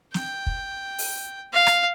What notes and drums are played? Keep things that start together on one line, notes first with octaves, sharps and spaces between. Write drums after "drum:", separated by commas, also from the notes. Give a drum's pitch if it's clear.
G5, drum: snare
drum: kick
drum: open hi-hat
F5
drum: rim click